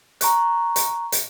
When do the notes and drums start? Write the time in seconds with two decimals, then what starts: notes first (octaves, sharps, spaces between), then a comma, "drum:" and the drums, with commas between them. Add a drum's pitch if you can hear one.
0.21 A#5 C#6 F#6, drum: hi-hat
0.76 drum: hi-hat
1.12 drum: hi-hat